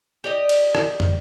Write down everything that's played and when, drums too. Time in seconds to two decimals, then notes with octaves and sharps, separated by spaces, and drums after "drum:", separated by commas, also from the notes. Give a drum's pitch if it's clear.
0.24 G4 D5 D#5
0.49 drum: cymbal
0.75 drum: rim click
1.00 drum: tom